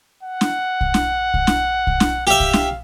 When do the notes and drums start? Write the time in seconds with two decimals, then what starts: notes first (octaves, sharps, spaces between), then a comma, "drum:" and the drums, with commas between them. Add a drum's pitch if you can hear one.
0.23 F#5
0.41 drum: snare
0.81 drum: kick B1
0.94 drum: snare
1.34 drum: kick B1
1.47 drum: snare
1.87 drum: kick B1
2.00 drum: snare
2.27 G4 E5 F5
2.40 drum: kick B1
2.53 drum: snare